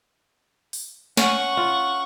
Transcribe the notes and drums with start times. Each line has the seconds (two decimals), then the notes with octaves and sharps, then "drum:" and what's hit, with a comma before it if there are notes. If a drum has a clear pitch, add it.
0.73 drum: open hi-hat
1.17 C#4 F#5 C#6, drum: snare
1.57 F4